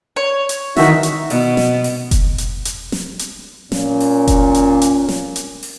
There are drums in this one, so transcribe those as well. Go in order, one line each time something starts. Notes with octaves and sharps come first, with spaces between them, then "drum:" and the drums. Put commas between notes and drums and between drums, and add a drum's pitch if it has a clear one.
C#5
drum: hi-hat
D#3 E3 D#4 F#4 E5, drum: snare
drum: hi-hat
B2, drum: open hi-hat
drum: snare
drum: open hi-hat
drum: kick F1, hi-hat
drum: hi-hat
drum: hi-hat
drum: snare
drum: hi-hat
A#2 C#4, drum: snare
drum: open hi-hat
drum: kick F1, hi-hat
drum: hi-hat
drum: hi-hat
drum: snare
drum: hi-hat
drum: open hi-hat